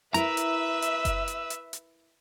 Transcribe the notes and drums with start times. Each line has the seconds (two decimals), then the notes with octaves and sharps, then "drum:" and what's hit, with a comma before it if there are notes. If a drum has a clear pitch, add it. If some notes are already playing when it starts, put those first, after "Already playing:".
0.14 E4 A#4 B4 E5 A#5 E6, drum: hi-hat
0.37 drum: hi-hat
0.82 drum: hi-hat
1.05 drum: kick F#1, hi-hat
1.28 drum: hi-hat
1.50 drum: hi-hat
1.73 drum: hi-hat